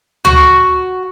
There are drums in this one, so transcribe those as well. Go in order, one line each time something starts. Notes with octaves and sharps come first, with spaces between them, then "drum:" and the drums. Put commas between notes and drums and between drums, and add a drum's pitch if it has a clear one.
F#4, drum: tom